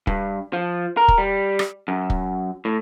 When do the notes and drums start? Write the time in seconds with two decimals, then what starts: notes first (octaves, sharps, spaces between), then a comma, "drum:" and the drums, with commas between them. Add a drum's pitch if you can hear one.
0.07 G2, drum: kick
0.53 F3
0.97 A#4
1.08 drum: kick
1.18 G3
1.59 drum: rim click
1.88 F#2
2.10 drum: kick
2.65 A2